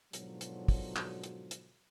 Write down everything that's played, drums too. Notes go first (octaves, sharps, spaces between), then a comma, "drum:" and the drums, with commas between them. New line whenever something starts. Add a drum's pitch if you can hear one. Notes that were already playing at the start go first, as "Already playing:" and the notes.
G#2 B2 D3 F3 F#3, drum: hi-hat
drum: hi-hat
drum: kick, open hi-hat
drum: clap
drum: hi-hat
drum: hi-hat